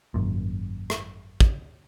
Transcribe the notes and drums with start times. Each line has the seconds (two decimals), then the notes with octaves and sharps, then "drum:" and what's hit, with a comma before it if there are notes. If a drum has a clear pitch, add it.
0.14 G#1 F#2 A#2
0.90 drum: rim click
1.40 drum: kick